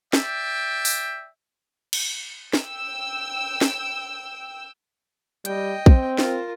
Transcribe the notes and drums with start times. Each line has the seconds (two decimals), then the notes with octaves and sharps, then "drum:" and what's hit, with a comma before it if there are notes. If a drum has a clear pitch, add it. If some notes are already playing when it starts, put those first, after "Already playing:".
0.13 D5 E5 G5, drum: snare
0.85 drum: open hi-hat
1.93 drum: cymbal
2.54 G5 E6, drum: snare
3.61 drum: snare
5.45 G3 D#5 G5, drum: hi-hat
5.86 C4, drum: kick
6.19 F4 A#4, drum: snare